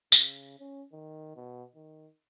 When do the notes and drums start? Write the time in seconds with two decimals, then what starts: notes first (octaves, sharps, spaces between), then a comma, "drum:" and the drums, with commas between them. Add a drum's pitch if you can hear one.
0.12 C#3, drum: tambourine
0.60 C#4
0.93 D#3
1.36 B2
1.75 D#3